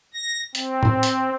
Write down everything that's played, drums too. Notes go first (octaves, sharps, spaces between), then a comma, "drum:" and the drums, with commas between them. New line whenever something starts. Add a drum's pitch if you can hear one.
A#6
C4, drum: hi-hat
drum: tom A2
drum: hi-hat